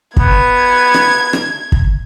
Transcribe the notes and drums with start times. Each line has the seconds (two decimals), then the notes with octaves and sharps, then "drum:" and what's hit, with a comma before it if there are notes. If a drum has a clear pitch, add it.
0.17 B3 G#6, drum: kick
0.94 drum: rim click
1.33 drum: rim click
1.72 drum: kick